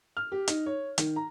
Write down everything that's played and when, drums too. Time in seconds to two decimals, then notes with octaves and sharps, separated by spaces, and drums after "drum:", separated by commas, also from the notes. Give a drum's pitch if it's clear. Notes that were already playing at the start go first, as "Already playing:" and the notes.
0.17 F6
0.32 G4
0.48 D#4, drum: hi-hat
0.66 C#5
0.98 D#3, drum: hi-hat
1.16 A#5